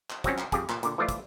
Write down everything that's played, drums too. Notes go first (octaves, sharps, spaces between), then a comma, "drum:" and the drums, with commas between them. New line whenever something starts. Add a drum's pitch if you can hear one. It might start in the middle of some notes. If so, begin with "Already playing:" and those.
drum: clap
F3 F#3 C4 C#4, drum: kick, hi-hat
drum: clap
F2 G4 G#4 G5, drum: kick, hi-hat
A#2, drum: clap
A#2 D3, drum: hi-hat
E3 F3 A3 F4 D5
drum: kick, hi-hat